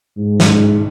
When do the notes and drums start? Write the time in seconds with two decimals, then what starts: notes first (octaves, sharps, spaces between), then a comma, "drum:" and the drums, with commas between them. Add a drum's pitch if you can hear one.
0.18 G#2
0.40 drum: snare